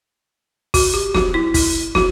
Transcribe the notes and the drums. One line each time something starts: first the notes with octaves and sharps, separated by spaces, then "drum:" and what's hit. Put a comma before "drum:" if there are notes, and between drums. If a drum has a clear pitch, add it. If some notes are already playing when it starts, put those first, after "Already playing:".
F#4, drum: kick, open hi-hat
G4
F#4, drum: snare
E4
E4, drum: kick, open hi-hat
F#4, drum: snare